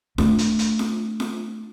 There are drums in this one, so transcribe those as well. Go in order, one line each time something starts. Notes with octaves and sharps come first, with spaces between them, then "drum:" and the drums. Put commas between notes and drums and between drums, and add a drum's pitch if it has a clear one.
A3 D4, drum: snare F4
drum: hi-hat
drum: hi-hat
drum: snare F4
drum: snare F4